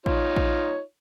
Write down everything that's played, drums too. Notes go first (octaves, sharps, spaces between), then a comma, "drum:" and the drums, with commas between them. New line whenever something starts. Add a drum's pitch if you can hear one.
D#4 F4 C#5, drum: kick A#1
drum: kick A#1